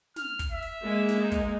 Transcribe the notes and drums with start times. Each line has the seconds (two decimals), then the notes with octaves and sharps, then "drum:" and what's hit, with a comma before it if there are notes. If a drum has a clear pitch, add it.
0.16 F6, drum: snare
0.39 drum: kick, hi-hat
0.52 E5
0.62 drum: open hi-hat
0.82 G#3 A#3
1.08 drum: snare
1.22 D#4
1.32 drum: kick, hi-hat